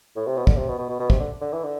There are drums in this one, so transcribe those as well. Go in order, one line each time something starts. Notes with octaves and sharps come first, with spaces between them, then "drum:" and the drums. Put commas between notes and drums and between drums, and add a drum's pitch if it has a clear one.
A2
C3
B2
D3, drum: kick
C3
B2
B2
B2
B2
C3, drum: kick
D3
D3
E3
D3